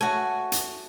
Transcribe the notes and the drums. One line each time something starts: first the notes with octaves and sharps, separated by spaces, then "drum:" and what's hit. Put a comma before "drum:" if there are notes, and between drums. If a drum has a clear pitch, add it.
A3 F#4 A4 C#5 G#5
drum: hi-hat